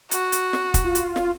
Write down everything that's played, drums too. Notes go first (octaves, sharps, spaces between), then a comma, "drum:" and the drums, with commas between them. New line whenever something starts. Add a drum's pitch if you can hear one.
F#4, drum: hi-hat
drum: hi-hat
drum: snare
drum: kick, hi-hat
F4
drum: hi-hat
drum: snare